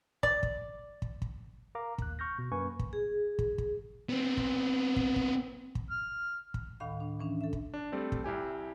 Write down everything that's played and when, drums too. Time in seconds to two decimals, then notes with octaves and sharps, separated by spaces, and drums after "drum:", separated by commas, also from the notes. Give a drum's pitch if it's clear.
0.23 D5, drum: kick
0.43 drum: kick
1.02 drum: kick
1.22 drum: kick
1.75 A#4 F5 A#5 D6
1.98 D#2 F#6, drum: kick
2.19 C#6 F6 G6 A#6
2.39 B2
2.52 F#2 A#3 B4 G#5 C#6
2.79 drum: kick
2.93 G#4
3.39 drum: kick
3.58 drum: kick
4.09 B3 C4
4.37 drum: kick
4.96 drum: kick
5.16 drum: kick
5.75 drum: kick
5.91 F6
6.54 drum: kick
6.80 D2 A2 D#3 F5 B5
7.00 D4
7.19 E3 C#4 D4
7.41 A4 E5
7.53 drum: kick
7.74 D4
7.92 G3 A3 C4 D5
8.12 drum: kick
8.24 C2 E4 G4 G#5